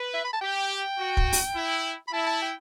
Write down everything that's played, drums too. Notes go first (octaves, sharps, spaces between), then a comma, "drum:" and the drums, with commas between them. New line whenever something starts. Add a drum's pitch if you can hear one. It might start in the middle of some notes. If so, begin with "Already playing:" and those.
Already playing: B4
E5
B5
A5
G4 G5
F#4
drum: kick
drum: open hi-hat
E4
B5
E4 A5
A5
G5